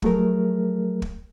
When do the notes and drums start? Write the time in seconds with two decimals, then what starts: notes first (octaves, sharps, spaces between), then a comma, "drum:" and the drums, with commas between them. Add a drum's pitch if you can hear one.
0.02 F3 F#3 A3 G#4 A#4, drum: kick
1.02 drum: kick